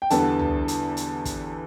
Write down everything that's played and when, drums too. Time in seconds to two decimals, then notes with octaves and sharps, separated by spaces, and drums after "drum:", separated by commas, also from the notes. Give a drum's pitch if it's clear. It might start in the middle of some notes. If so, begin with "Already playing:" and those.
0.02 G5
0.10 E2 D3 G3 B3 A4 A5, drum: hi-hat
0.39 drum: tom
0.68 drum: hi-hat
0.97 drum: hi-hat
1.25 drum: kick, hi-hat